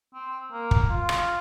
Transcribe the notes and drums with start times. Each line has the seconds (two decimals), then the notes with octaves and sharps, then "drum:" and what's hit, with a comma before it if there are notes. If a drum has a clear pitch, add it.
0.14 C4
0.53 A#3
0.71 drum: kick
0.90 F4
1.09 drum: rim click